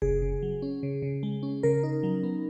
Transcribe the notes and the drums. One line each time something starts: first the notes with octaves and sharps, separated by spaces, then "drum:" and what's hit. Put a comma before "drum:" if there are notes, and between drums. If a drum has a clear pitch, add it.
C#3 G#4, drum: kick F#1
C#3
F#3
C#4
C#3
C#3
G#3
C#4
C#3 A#4
D#4
F#3
B3